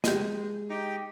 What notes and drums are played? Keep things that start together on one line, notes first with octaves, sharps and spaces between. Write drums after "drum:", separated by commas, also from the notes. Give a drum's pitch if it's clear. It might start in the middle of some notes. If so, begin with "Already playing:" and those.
G#3 G4 D#5, drum: snare
D#4 G4 G5